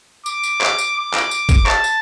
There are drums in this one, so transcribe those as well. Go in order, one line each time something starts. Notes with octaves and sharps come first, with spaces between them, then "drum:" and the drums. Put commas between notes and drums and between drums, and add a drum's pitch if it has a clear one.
D6, drum: tambourine
drum: tambourine
drum: clap
drum: tambourine
D6
drum: clap
drum: tambourine
drum: kick A1, tambourine
A5, drum: clap
drum: tambourine